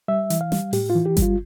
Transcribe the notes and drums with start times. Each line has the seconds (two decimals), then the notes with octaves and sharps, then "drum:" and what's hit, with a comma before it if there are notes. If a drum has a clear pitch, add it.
0.08 G3 E5
0.30 E3, drum: hi-hat
0.41 F5
0.52 G3, drum: snare
0.73 A2 G4, drum: open hi-hat
0.90 F4
0.95 E3
1.06 G4
1.17 G3, drum: kick G1, hi-hat
1.22 F4